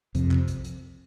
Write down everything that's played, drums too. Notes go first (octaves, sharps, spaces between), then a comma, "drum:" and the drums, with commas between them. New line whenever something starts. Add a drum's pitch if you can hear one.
F2 C3, drum: kick, hi-hat
drum: clap
drum: kick, hi-hat
drum: hi-hat